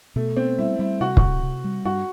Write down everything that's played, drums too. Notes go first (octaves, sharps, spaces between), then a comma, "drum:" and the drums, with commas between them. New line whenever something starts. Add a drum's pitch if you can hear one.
B2 A3
B3 C4
G3 E4
G3 E4
C3 F#4
F#4, drum: kick
C3
C3
G3
G2 F#4